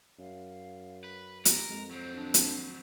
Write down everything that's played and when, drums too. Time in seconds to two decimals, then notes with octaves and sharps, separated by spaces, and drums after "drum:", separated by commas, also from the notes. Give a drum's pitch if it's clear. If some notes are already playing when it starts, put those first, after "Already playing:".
0.19 F#2 F5
1.04 B4
1.45 G4 A#4, drum: hi-hat
1.69 F2 G#3
1.91 F#3 C4 C5
2.15 D4
2.34 drum: hi-hat